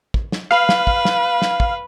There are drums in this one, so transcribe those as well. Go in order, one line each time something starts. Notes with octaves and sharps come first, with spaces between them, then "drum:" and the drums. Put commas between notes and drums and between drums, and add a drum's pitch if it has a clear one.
drum: kick
drum: snare
B4 F5
drum: snare
drum: kick
drum: snare
drum: snare
drum: kick